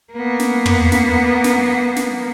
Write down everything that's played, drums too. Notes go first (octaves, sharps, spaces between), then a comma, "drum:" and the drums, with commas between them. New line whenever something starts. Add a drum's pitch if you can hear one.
A#3 B3
drum: snare
drum: tom
drum: snare
drum: snare
drum: snare